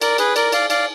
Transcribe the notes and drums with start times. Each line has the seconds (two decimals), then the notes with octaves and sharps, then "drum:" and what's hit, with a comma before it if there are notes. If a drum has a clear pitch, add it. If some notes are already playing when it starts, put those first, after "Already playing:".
0.02 A#4 D5, drum: cymbal
0.18 G#4 B4, drum: cymbal
0.36 A#4 D5, drum: cymbal
0.52 D5 F5, drum: cymbal
0.70 D5 F5, drum: cymbal